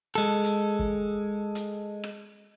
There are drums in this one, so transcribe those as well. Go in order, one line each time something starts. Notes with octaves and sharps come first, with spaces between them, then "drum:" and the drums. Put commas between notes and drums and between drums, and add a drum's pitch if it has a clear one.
G#3 A4
drum: hi-hat
drum: kick
drum: hi-hat
drum: rim click